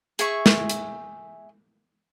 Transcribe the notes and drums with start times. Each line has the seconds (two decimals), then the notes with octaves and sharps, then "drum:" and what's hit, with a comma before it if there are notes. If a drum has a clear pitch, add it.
0.19 G#4 E5 C#6, drum: hi-hat
0.46 drum: snare
0.69 drum: hi-hat